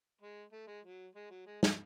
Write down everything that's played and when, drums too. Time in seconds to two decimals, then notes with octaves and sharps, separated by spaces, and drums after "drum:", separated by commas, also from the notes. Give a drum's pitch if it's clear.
0.21 G#3
0.52 A3
0.67 G#3
0.84 F#3
1.16 G#3
1.30 F#3
1.47 G#3
1.63 F#3, drum: snare